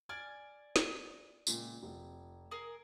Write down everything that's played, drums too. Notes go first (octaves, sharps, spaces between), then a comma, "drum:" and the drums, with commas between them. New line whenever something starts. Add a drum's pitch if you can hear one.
D5 G#5 F6 G#6
drum: snare
C#2 A#2, drum: tambourine
F1
G#4 A#4